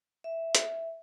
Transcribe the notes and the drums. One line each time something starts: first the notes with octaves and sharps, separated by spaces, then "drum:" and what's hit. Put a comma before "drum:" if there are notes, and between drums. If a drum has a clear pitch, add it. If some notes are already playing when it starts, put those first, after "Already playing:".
E5
drum: hi-hat